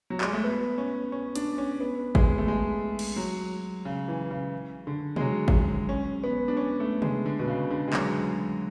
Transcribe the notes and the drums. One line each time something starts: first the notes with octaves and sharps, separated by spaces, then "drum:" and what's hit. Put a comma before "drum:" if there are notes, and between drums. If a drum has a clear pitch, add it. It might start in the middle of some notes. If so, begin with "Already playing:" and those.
F#3
G#3, drum: clap
A3
B3
C#4
C#4
D4, drum: hi-hat
C#4
B3
G#3, drum: kick G#1
A3
G#3
drum: cymbal
F#3
C#3
E3
C#3
D3
G#3, drum: tom B2
F#3
drum: kick G#1
C#4
B3
D4
C#4
A3
G#3, drum: tom C3
D3
B2
C#3
D3
G#3
F#3, drum: clap